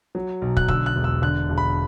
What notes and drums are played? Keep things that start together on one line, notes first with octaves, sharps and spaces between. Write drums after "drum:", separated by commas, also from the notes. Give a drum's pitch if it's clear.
F#3
B1
F#6, drum: kick
D3 E6, drum: kick
F#6
E1
E6
D3 F#6
E1
B5